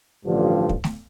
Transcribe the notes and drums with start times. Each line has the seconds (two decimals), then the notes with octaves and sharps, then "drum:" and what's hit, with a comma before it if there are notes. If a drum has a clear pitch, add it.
0.25 A1 G2 D3 F3
0.69 drum: kick
0.84 drum: snare A3